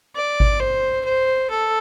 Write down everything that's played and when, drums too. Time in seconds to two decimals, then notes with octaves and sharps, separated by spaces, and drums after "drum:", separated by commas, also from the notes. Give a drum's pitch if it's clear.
0.16 D5
0.40 drum: kick G#1
0.60 C5
1.05 C5
1.50 A4